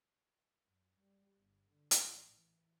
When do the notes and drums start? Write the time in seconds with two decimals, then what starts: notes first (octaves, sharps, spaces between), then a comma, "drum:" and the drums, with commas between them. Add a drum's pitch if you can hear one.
0.63 F#2
0.99 G3
1.36 G1
1.69 D3
1.91 drum: hi-hat
2.01 A1
2.31 E3